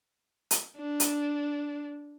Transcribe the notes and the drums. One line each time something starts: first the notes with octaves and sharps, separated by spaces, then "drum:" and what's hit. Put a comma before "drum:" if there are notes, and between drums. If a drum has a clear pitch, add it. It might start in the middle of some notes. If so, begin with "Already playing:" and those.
drum: hi-hat
D4
drum: hi-hat